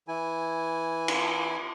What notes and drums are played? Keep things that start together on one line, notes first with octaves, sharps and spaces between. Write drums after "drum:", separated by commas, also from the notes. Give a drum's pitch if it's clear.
E3 E4 G#5
drum: cymbal